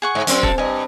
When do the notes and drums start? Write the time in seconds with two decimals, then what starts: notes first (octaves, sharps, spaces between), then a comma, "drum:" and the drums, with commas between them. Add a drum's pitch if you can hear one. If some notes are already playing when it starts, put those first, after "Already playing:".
0.02 G#4 F#5 C#6
0.15 G#2
0.27 F#2 C4, drum: hi-hat
0.43 A4, drum: kick
0.58 G2 D#5 G#5